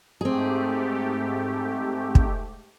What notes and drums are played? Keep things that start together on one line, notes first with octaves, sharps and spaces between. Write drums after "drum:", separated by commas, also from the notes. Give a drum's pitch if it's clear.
G#2 A3 C4 G4 G#4
drum: kick